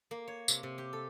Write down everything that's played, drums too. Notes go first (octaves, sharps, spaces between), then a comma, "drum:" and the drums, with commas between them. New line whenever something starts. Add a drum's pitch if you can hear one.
A#3
C#5
C3, drum: tambourine
C3
G4
A4